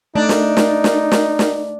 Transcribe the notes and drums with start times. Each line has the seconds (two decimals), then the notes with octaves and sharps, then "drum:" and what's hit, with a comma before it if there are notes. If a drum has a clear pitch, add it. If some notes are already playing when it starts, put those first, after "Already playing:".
0.15 A3 D4 D#4
0.29 drum: snare
0.57 drum: snare
0.84 drum: snare
1.12 drum: snare
1.39 drum: snare